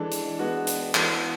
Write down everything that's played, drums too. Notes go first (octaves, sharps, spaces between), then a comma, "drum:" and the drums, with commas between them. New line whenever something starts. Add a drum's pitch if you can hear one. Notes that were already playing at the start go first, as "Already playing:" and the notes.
Already playing: E3 G#3 D4 A4
drum: hi-hat
G#3 B3 D4 F#4
drum: hi-hat
E3 B3 F#4 A4, drum: clap